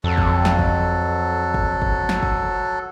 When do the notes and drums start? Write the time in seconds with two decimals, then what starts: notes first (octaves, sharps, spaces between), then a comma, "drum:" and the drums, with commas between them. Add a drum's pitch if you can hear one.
0.04 F2 F#3 A4
0.18 drum: kick
0.45 drum: snare
0.59 drum: kick
1.54 drum: kick
1.82 drum: kick
2.09 drum: snare
2.23 drum: kick